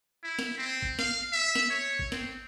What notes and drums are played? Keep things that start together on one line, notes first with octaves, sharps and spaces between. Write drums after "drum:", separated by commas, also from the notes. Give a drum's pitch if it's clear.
E4
drum: snare
C4
drum: kick G#1
F5, drum: snare
E5
drum: snare
C#5
drum: kick G#1
C4, drum: snare